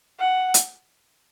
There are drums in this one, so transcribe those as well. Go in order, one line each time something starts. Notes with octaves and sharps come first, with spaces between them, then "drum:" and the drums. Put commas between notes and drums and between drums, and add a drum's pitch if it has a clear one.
F#5
drum: hi-hat